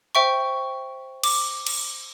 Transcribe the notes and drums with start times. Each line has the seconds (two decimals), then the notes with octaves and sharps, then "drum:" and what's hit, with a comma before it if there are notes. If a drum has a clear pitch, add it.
0.15 C5 E5 G5 C#6
1.24 D6, drum: cymbal
1.67 drum: cymbal